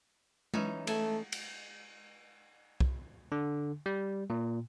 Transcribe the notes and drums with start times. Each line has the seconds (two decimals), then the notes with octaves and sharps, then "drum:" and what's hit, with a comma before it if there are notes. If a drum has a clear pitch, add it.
0.54 E3 C#4 D#4, drum: tom G#3
0.87 A3 G#4 A4 G#5, drum: cymbal
1.32 drum: cymbal
2.80 drum: kick
3.32 D3
3.86 G3
4.30 A#2